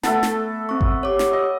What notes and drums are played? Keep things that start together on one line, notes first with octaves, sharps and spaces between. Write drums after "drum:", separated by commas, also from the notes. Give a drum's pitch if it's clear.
A3 B3 A4 E5 A5 A6, drum: snare
drum: snare
C4 C#6
drum: kick G#1
G4 C#5 D6
drum: snare
D#5